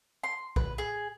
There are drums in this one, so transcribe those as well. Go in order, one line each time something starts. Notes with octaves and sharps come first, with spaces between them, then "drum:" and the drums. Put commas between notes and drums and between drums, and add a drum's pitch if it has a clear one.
C6
B4, drum: kick A#1
G#4